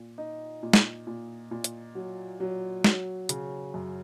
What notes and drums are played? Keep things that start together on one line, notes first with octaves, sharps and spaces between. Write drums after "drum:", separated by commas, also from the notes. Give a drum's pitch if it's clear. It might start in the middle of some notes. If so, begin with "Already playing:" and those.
Already playing: A#2
D#4
A#2
drum: snare
A#2
A#2
drum: hi-hat
F#3
F#3
F#3, drum: snare
C#3, drum: hi-hat
F#2